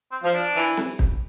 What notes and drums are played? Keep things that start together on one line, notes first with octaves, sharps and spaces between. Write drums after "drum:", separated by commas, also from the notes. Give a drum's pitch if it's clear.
C4
F3
D4
E3
drum: snare
drum: kick